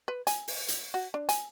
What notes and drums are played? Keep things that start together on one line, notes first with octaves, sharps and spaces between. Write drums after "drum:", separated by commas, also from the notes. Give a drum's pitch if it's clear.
B4
G#5, drum: hi-hat
drum: open hi-hat
drum: hi-hat
F#4
D4
G#5, drum: hi-hat